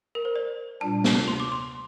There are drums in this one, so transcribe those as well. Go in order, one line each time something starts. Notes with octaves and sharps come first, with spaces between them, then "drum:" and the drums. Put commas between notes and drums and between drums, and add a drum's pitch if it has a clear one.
A#4
C5
D5
A#2 G3 D4 A5
drum: snare
C6
D6
C6